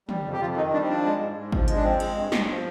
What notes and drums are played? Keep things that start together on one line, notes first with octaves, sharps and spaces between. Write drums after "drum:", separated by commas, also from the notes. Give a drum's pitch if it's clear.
G3, drum: tom
F2
G4
F2 F4
D#3 D#4
G3 D4
C4
F3 D4
G#3
G#2
G#2
F3, drum: kick G#1
G#3, drum: hi-hat
D4
F3 C4
G#3, drum: cymbal
G2
G2, drum: snare
F3